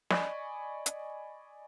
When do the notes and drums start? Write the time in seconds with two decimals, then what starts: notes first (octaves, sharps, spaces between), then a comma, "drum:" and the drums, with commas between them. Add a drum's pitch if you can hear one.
0.10 D5 D#5 G#5 B5 C#6, drum: snare
0.86 drum: hi-hat